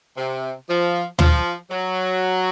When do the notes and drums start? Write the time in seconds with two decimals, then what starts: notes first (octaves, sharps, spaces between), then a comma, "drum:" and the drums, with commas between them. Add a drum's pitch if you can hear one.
0.17 C3
0.68 F3
1.19 F3, drum: tom
1.70 F#3